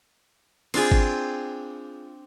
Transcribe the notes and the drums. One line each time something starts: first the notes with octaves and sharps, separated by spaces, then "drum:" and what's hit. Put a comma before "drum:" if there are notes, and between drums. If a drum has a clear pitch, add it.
C4 D4 F4 G#4, drum: cymbal
drum: kick G#1